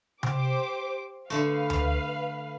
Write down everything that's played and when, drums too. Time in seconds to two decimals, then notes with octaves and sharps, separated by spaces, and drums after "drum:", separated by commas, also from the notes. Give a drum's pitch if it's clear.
0.23 G4 C5 D6, drum: tom C3
1.30 D3 A3 B4 F5
1.70 drum: tom D2